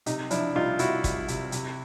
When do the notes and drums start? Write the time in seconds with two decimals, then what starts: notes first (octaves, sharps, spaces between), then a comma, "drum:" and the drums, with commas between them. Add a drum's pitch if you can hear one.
0.06 C3 D#4, drum: hi-hat
0.31 F3 D4 E4, drum: hi-hat
0.55 C2 D#4 F4
0.79 C2 E4 F#4, drum: hi-hat
1.04 C2, drum: kick, hi-hat
1.28 C3, drum: hi-hat
1.52 C3, drum: hi-hat